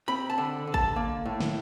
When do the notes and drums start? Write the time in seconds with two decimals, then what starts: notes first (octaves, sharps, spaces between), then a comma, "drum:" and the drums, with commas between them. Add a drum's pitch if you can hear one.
0.08 C4 B5
0.30 A5
0.38 D3
0.67 D3
0.74 A5, drum: kick
0.96 A#3
1.25 A2
1.40 drum: snare